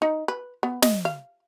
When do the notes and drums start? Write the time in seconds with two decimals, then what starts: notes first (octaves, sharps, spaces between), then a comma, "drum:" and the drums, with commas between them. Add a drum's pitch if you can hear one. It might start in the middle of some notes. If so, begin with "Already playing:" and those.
0.02 D#4
0.28 B4
0.63 B3
0.82 D#5, drum: snare
1.05 F5